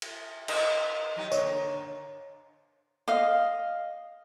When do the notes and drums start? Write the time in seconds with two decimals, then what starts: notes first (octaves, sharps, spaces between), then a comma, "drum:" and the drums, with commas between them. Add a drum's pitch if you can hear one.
0.02 drum: cymbal
0.48 E4 A#4 D#5, drum: cymbal
1.16 F#3 D#4 G4
1.32 D3 A#3 C#5, drum: tambourine
3.08 D#5 F5